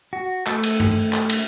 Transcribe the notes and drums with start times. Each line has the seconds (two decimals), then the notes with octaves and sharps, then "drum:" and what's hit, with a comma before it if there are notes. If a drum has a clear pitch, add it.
0.13 F#4
0.47 A3, drum: clap
0.63 drum: cymbal
0.80 drum: tom
1.13 drum: clap
1.30 drum: cymbal